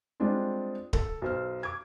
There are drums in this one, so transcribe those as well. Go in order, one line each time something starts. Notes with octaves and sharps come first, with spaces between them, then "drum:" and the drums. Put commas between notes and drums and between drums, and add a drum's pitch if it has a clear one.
G3 G#3 C4 D4 F4
A4, drum: kick D1
B1 C5 F6
D6 G#6